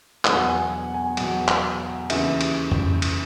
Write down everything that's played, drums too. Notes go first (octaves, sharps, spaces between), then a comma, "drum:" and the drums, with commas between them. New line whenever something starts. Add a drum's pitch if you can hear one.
E2 B2 F#3 F#5, drum: clap
G#5
G#5
E2 B2 F#3 F#5, drum: cymbal
drum: clap
D#2 C#3 E3 E5, drum: cymbal
drum: cymbal
drum: tom F2
drum: cymbal